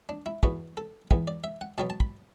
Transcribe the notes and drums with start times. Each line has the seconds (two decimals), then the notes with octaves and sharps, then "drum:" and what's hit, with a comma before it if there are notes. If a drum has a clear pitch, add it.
0.09 D4
0.26 E4
0.43 E2 E3 B3 F#4, drum: kick
0.77 A4
1.11 E2 E3 B3, drum: kick
1.27 D5
1.44 E5
1.61 F#5
1.78 B2 F#3 B3 A5
1.90 A5
2.00 B5, drum: kick